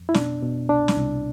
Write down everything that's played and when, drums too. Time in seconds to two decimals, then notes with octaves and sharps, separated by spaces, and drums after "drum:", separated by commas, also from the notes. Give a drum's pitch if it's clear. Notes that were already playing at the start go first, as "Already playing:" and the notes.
Already playing: F2
0.09 E4
0.14 B2 D4, drum: snare
0.42 B2
0.69 C2 D4
0.88 drum: snare
0.97 C2